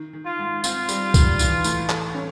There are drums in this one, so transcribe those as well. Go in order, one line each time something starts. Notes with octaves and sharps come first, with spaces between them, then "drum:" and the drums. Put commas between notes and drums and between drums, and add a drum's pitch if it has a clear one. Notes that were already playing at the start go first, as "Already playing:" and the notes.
Already playing: D#3
D#3
F4
G#2
C4 F4, drum: tambourine
G3, drum: tambourine
D#3, drum: kick C2, tambourine
E3, drum: tambourine
A2, drum: tambourine
A3, drum: clap
C#4